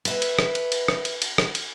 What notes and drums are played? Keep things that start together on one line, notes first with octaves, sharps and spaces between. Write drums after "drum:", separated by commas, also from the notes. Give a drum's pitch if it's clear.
B4 E5, drum: cymbal
drum: cymbal
drum: rim click
drum: cymbal
drum: cymbal
drum: rim click
drum: cymbal
drum: cymbal
drum: rim click
drum: cymbal